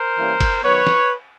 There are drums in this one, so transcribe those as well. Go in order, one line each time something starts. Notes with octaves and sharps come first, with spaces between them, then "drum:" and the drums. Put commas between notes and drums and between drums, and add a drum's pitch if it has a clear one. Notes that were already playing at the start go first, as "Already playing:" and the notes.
Already playing: A#4 C5
E3 G3 A#3 C#4
drum: kick F#1, cymbal
D#3 F#3 B3 B4 C#5
drum: snare